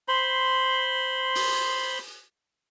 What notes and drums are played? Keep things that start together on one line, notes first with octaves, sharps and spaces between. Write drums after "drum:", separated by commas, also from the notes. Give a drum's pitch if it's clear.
C5 B5 C6
drum: open hi-hat